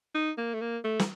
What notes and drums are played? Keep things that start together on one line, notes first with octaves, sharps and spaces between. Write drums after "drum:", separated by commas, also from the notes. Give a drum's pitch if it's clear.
D#4
A#3
A3
A#3
A3
drum: snare